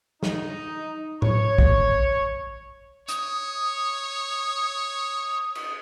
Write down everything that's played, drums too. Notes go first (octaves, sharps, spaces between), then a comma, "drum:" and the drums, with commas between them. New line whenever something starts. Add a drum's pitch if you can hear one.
D#4, drum: snare
C#5, drum: tom A2
drum: kick
C#5 D#6, drum: hi-hat
drum: cymbal